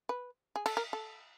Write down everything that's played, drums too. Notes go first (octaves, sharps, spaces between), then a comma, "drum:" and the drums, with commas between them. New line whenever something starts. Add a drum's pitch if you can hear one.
B4
G#4
A4, drum: cymbal
A#4
A4